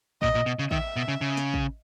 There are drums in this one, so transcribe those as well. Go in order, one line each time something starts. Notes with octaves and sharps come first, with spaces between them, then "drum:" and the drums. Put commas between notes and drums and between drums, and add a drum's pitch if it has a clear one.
A#2 D#5, drum: kick
A#2
B2
C#3
D#3 E5, drum: kick
B2
C#3
C#3
drum: snare
drum: kick